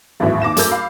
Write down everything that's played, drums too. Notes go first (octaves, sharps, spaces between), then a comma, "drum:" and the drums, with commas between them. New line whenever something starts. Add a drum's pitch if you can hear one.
G#1 D#2 A2 E3 F#3 E5
D#2 D6 A#6 E7
F#2 A3 A#4 E6 G6, drum: hi-hat
F5 B5